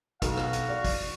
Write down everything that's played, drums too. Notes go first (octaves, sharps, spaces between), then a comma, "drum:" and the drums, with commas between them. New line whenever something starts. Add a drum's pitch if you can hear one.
B1 F#4 F5, drum: kick, hi-hat
drum: rim click
drum: hi-hat
D5
drum: kick, open hi-hat